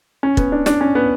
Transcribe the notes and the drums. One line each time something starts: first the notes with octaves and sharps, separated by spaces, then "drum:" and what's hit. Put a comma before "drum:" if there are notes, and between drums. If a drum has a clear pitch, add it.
C#4
B3, drum: kick
D4
D4, drum: snare
C#4
B3